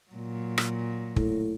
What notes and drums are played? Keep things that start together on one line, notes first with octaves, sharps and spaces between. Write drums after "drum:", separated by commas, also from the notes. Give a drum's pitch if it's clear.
A#2 F#3
drum: rim click
A2, drum: kick